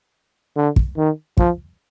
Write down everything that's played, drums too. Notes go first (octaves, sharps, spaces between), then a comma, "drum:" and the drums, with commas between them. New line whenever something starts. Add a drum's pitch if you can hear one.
D3
drum: kick
D#3
F3, drum: kick